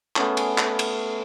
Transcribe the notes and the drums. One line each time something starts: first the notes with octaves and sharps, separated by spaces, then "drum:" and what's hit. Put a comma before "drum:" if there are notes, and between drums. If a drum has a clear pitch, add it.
A3 B3 C#4 G#4, drum: clap
drum: cymbal
drum: clap
drum: cymbal